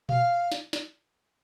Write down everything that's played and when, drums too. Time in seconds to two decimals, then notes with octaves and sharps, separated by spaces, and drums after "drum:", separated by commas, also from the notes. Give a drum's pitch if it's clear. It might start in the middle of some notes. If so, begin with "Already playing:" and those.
0.09 F5, drum: tom A#2
0.52 drum: snare
0.73 drum: snare